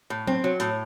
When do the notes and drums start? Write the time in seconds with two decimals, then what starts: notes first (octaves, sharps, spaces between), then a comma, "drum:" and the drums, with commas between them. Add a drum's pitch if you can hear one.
0.10 A2
0.27 C4, drum: tom F#3
0.44 F#3
0.60 A2, drum: hi-hat